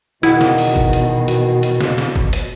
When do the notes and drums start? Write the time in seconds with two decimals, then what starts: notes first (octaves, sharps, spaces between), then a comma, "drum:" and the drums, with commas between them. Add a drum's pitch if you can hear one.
0.23 E2 B2 D#3 E4 G#4 F#5, drum: hi-hat
0.41 drum: snare
0.58 drum: open hi-hat
0.76 drum: kick
0.93 drum: hi-hat
1.28 drum: hi-hat
1.63 drum: hi-hat
1.81 drum: snare
1.98 drum: snare
2.15 drum: kick
2.33 drum: hi-hat